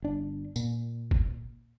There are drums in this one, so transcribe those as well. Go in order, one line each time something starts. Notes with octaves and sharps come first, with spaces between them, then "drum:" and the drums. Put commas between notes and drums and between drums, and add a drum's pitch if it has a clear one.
G1 D4
A#2, drum: tambourine
drum: kick